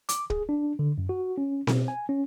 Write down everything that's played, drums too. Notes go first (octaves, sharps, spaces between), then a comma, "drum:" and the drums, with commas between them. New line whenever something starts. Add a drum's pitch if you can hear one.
D6, drum: hi-hat
G#4, drum: kick
D4
D3
F#2
F#4
C#4
B2, drum: snare C4
G#5
C#4